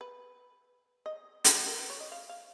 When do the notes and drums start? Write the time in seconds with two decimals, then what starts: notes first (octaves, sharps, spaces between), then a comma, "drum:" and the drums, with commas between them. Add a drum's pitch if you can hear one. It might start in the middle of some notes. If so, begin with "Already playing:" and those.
0.01 B4
1.06 D#5
1.45 drum: hi-hat
1.67 A#4
1.79 B4
1.90 C#5
2.00 D#5
2.12 F5
2.29 F5